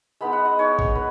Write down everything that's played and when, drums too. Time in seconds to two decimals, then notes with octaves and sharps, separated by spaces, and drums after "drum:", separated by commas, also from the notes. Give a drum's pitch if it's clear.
0.21 G#3 B3 D#4 B5
0.33 F#5
0.45 D#5
0.59 G#3 D#4 C#5
0.79 drum: kick G#1
0.95 B4